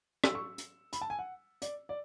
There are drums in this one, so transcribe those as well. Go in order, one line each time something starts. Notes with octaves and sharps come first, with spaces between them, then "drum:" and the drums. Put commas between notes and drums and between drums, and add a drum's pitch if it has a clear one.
E6, drum: rim click
C#6
drum: hi-hat
B5, drum: hi-hat
A5
G#5
F#5
D5, drum: hi-hat
D5